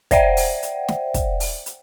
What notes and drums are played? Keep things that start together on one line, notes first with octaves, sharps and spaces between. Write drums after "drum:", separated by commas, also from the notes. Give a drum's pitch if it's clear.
C5 D5 E5 F#5 G5, drum: kick, hi-hat
drum: open hi-hat
drum: hi-hat
drum: snare
drum: kick, hi-hat
drum: open hi-hat
drum: hi-hat